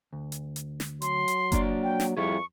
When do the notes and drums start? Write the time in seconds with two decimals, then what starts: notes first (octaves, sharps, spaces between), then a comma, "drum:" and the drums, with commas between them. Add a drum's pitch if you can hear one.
0.13 D2
0.32 drum: hi-hat
0.56 drum: hi-hat
0.80 drum: snare
1.02 F#3 C6, drum: hi-hat
1.28 drum: hi-hat
1.52 A#3 D4 D5, drum: kick F#1, hi-hat
1.83 G5
2.00 drum: snare
2.17 F2 G3 E4 G#4 C#6